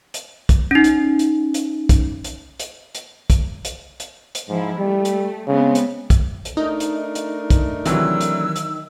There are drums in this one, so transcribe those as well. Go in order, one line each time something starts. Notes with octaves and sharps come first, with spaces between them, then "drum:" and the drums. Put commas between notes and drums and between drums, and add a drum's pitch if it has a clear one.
drum: hi-hat
drum: kick B1, hi-hat
C#4 D#4
drum: hi-hat
drum: hi-hat
drum: hi-hat
drum: kick B1, hi-hat
drum: hi-hat
drum: hi-hat
drum: hi-hat
drum: kick B1, hi-hat
drum: hi-hat
drum: hi-hat
drum: hi-hat
G#2 F3 E4
G3 A3
drum: hi-hat
C#3 G#3 B3 C4
drum: hi-hat
drum: kick B1, hi-hat
drum: hi-hat
A3 D4 D#4 A#4
drum: hi-hat
drum: hi-hat
drum: kick B1, hi-hat
C3 D#3 E3 F#3 E6, drum: hi-hat
drum: hi-hat
drum: hi-hat